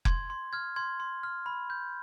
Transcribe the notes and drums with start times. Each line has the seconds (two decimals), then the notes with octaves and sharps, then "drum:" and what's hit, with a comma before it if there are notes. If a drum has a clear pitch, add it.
0.05 C6 G#6, drum: kick F1
0.30 C6
0.53 F6 G#6
0.76 C6 G#6
1.00 C6
1.23 F6
1.46 B5
1.70 G6